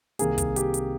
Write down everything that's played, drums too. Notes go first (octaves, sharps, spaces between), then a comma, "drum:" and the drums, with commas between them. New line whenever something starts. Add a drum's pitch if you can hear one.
C2 C3 D#3 A#3 G#4, drum: hi-hat
drum: kick, hi-hat
G4, drum: hi-hat
drum: hi-hat